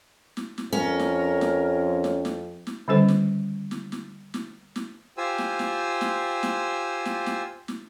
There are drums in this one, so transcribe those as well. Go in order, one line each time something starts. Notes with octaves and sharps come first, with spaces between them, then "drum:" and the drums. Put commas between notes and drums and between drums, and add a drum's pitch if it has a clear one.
drum: snare
drum: snare
F2 C#4 A#4
drum: snare
drum: snare
drum: snare
drum: snare
drum: snare
D3 D#3 G3 C#4 A4 C5
drum: snare
drum: snare
drum: snare
drum: snare
drum: snare
F4 G4 C5 G#5 E6
drum: snare
drum: snare
drum: snare
drum: snare
drum: snare
drum: snare
drum: snare